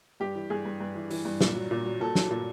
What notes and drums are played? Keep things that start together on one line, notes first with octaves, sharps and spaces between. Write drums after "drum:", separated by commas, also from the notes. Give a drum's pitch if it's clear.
G2 G4
E3
G2 G#4
G2
G2
E3
E3, drum: open hi-hat
G2
A#2, drum: snare
F#3
A#2
F#3
A#2 A4
F#3, drum: snare
A#2